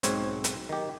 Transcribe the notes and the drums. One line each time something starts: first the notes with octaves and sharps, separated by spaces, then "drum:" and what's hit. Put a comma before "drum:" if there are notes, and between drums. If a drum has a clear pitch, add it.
B1 G#2 C4 C#5, drum: hi-hat
drum: hi-hat
D#3 G4